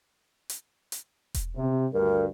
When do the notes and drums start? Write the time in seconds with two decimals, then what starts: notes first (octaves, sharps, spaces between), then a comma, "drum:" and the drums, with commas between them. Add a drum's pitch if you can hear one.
0.50 drum: hi-hat
0.92 drum: hi-hat
1.34 drum: kick E1, hi-hat
1.56 C3
1.93 D2 G2 A#4